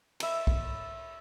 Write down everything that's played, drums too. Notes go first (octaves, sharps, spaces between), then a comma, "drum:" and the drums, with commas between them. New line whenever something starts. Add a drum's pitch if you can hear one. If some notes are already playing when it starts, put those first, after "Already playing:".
E5 B5, drum: cymbal
drum: kick